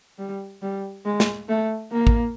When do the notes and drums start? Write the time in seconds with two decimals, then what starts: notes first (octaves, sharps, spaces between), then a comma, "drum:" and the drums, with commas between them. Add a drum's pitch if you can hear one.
0.19 G3
0.62 G3
1.05 G#3
1.20 drum: snare
1.49 A3
1.92 A#3
2.07 drum: kick